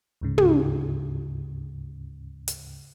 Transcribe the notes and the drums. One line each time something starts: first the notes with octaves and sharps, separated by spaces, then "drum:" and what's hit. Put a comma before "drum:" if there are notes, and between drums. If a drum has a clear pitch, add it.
D2 G#2 C#3
drum: tom
drum: hi-hat